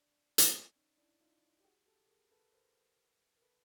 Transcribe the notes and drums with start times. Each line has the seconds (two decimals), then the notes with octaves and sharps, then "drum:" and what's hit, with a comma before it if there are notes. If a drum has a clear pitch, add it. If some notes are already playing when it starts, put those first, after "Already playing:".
Already playing: D4
0.38 drum: hi-hat
0.76 C#4 D#4
0.97 D4 E4
1.20 D#4 F4
1.59 G4
1.64 F#4 G#4
1.87 G4 A4
2.08 G#4 A#4
2.31 A4 B4
2.53 A#4 C5
3.36 A#4
3.42 A4 B4